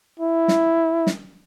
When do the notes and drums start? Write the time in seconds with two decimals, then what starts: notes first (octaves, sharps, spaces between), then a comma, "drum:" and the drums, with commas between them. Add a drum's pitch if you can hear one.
0.19 E4
0.48 drum: snare
1.07 drum: snare